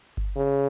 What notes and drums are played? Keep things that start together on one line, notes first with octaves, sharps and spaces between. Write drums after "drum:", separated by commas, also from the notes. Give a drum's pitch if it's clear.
drum: kick G1
C#3